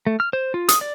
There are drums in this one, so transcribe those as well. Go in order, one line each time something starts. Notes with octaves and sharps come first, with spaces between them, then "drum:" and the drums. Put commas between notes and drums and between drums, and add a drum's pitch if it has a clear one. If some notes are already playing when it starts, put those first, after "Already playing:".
A3
F6
C5
F4
D#6, drum: hi-hat
D5